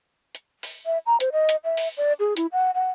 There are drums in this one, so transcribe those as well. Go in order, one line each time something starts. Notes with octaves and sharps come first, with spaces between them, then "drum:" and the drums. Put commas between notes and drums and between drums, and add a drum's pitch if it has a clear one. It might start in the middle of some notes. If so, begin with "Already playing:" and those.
drum: hi-hat
drum: open hi-hat
E5
A#5
C5, drum: hi-hat
D#5
drum: hi-hat
E5
drum: open hi-hat
D5
G#4
E4, drum: hi-hat
F#5
F#5